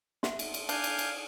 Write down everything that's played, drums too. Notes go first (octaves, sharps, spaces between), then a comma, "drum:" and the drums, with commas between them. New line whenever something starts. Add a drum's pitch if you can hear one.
E5 F#5 C6, drum: snare
drum: cymbal
drum: cymbal
D4 F5 G#5 G6, drum: cymbal
drum: cymbal
drum: cymbal